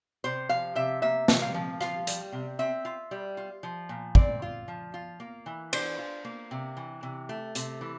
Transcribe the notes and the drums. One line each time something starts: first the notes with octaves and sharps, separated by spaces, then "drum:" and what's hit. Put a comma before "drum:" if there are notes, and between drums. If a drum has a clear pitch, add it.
C3 C5
F3 F5
C3 E5
A#3 E5
C3, drum: snare
F5
F3
F4 F5, drum: rim click
G3, drum: hi-hat
C3
C4 E5
F4
G3
F4
F3
A#2
C4 D5, drum: kick
F4
F3
F4
A#3
E3
D4 C5, drum: cymbal
F4
A#3
C3
E3
C3
A3
C3, drum: hi-hat
E3